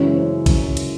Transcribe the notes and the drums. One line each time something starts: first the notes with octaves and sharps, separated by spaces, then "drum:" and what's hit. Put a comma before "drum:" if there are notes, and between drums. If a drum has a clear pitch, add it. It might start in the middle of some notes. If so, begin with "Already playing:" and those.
Already playing: F#2 C#3 E3 G#3 C#5
C5
drum: kick A#1, cymbal
drum: cymbal